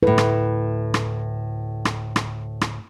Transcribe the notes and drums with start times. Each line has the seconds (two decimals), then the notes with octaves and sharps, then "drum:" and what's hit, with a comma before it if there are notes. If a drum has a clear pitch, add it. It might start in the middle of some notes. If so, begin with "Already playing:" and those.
0.03 D2 A2 E4 A4 B4
0.18 drum: rim click
0.94 drum: rim click
1.85 drum: rim click
2.16 drum: rim click
2.61 drum: rim click